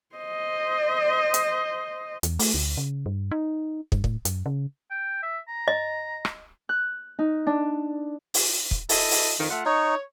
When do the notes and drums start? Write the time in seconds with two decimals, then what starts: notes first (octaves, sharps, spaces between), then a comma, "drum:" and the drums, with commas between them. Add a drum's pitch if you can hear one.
0.16 C5 D#5
1.34 drum: hi-hat
2.23 E2, drum: hi-hat
2.39 A3, drum: open hi-hat
2.54 D2
2.77 C#3
3.06 G2
3.31 D#4
3.92 G2, drum: kick
4.04 A2, drum: kick
4.25 F#2, drum: hi-hat
4.46 C#3
4.91 G5
5.23 E5
5.48 A#5
5.68 D#5
6.25 drum: rim click
6.69 F#6
7.19 D#4
7.47 D4
8.34 drum: open hi-hat
8.71 drum: kick
8.89 E4 A4 D#5, drum: open hi-hat
9.11 drum: open hi-hat
9.38 F2 D#3
9.50 A3 F4 F#5
9.66 D#4 C#5